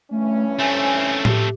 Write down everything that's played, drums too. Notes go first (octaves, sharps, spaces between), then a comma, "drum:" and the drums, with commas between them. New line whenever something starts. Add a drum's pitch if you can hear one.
G2 E3 A3 C#4
A3 C4 G#5
G4, drum: tom A2